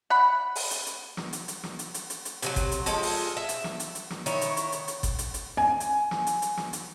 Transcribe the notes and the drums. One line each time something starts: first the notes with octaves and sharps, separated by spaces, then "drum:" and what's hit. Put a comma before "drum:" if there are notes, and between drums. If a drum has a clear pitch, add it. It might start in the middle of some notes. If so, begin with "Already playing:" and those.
F#5 B5
drum: open hi-hat
drum: hi-hat
drum: hi-hat
drum: snare
drum: hi-hat
drum: hi-hat
drum: snare
drum: hi-hat
drum: hi-hat
drum: hi-hat
drum: hi-hat
C3 E3 F#3, drum: hi-hat
drum: kick G1, hi-hat
drum: hi-hat
F3 G#3 A4, drum: hi-hat
drum: open hi-hat
E5
drum: hi-hat
drum: snare
drum: hi-hat
drum: hi-hat
drum: snare
D#3 E4 C#5, drum: hi-hat
drum: hi-hat
drum: hi-hat
drum: hi-hat
drum: hi-hat
drum: kick G1, hi-hat
drum: hi-hat
drum: hi-hat
G#5
drum: hi-hat
drum: snare
drum: hi-hat
drum: hi-hat
drum: snare
drum: hi-hat